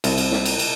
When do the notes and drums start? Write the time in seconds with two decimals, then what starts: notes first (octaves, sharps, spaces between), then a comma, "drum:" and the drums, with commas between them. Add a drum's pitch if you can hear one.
0.04 C2, drum: cymbal
0.18 drum: cymbal
0.32 drum: snare
0.45 drum: cymbal
0.59 drum: cymbal